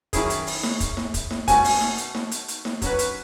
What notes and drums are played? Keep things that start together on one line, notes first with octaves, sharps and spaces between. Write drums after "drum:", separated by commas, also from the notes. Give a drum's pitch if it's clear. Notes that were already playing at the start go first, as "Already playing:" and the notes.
D#3 F#3 C#4 E4 G#4, drum: kick, hi-hat
drum: hi-hat
drum: open hi-hat
drum: snare D#4
drum: kick, hi-hat
drum: snare D#4
drum: kick, hi-hat
drum: snare D#4
B2 A3 C#4 F#4 G#5, drum: kick, hi-hat
drum: open hi-hat
drum: snare D#4
drum: hi-hat
drum: snare D#4
drum: hi-hat
drum: hi-hat
drum: snare D#4
F#3 C#4 F#4 B4, drum: kick, hi-hat
drum: hi-hat